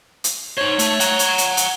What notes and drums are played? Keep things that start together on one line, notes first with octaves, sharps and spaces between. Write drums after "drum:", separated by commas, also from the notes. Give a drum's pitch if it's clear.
drum: hi-hat
D#4 C5 C#5
A3, drum: hi-hat
F#5 A#5, drum: hi-hat
drum: hi-hat
drum: hi-hat
drum: hi-hat